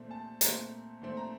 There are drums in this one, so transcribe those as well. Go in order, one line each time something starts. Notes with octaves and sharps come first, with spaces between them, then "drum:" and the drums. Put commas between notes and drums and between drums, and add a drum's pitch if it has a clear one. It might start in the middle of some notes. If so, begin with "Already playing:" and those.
Already playing: A#2 A3 C4
A5
A#2 A3 C4 A#5, drum: hi-hat
A#2 A3 C4
A#5